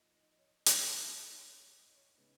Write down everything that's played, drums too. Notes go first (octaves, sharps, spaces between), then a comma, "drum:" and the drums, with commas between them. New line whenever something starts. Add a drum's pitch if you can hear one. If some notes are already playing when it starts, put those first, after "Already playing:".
Already playing: F3 A#3 D#4 D#5
D#5
D#5
C#5
D#5
D#5, drum: hi-hat
C#5
C#5
D#5
C#5
C#3 G#3 B3 D#4 D#5